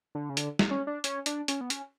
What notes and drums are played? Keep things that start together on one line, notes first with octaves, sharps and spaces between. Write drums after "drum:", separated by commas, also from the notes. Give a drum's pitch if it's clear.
D3
C#3
D3, drum: hi-hat
drum: snare
C#4
D4
C#4, drum: hi-hat
D4, drum: hi-hat
C#4, drum: hi-hat
B3
C#4, drum: hi-hat